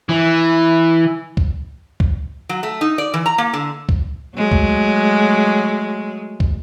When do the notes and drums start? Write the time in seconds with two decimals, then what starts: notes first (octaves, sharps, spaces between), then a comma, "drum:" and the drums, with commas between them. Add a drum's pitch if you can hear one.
0.09 E3
1.37 drum: kick
2.00 drum: kick
2.49 F#3
2.63 A3
2.81 D#4
2.98 D5
3.14 E3
3.26 A#5
3.38 A#3
3.53 D3
3.89 drum: kick
4.37 F#3 G#3 A3
4.52 drum: kick
6.40 drum: kick